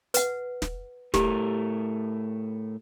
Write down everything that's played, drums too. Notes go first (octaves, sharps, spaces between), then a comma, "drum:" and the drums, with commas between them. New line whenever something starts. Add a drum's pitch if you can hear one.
B4 F#5, drum: hi-hat
drum: snare
A2 A3 G4 A#4, drum: snare